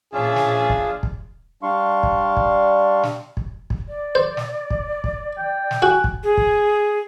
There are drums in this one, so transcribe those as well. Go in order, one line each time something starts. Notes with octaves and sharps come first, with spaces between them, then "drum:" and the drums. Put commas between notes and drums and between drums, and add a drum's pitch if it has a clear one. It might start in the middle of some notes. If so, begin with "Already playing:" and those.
A#1 C#4 D4 F4 G#4 E5 A6
drum: snare
drum: kick
drum: kick
G3 D4 F5 C6 C#6
drum: kick
drum: kick
drum: snare
drum: kick
drum: kick
D5
C5
drum: snare
drum: kick
drum: kick
G5
drum: snare
F#4 G#5 F#6
drum: kick
G#4
drum: kick